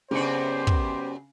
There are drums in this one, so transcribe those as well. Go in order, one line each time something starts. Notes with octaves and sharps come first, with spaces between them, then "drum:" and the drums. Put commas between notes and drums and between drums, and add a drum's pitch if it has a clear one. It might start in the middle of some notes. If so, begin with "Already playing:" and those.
F#2 C#3 B3 C4 D4 G4 C5 C#7
drum: kick